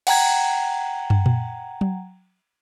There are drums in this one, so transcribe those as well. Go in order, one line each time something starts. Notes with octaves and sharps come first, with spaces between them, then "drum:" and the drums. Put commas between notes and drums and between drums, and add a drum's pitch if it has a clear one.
F#5 G5 A#5 G#6, drum: cymbal
drum: tom
drum: tom A#2
drum: tom F#3